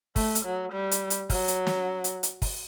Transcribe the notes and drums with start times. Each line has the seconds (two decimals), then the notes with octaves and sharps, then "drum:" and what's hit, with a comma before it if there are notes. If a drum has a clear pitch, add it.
0.16 A3, drum: kick, open hi-hat
0.35 drum: hi-hat
0.45 F#3
0.72 G3
0.91 drum: hi-hat
1.10 drum: hi-hat
1.30 F#3, drum: kick, open hi-hat
1.48 drum: hi-hat
1.67 drum: snare
2.04 drum: hi-hat
2.23 drum: hi-hat
2.42 drum: kick, open hi-hat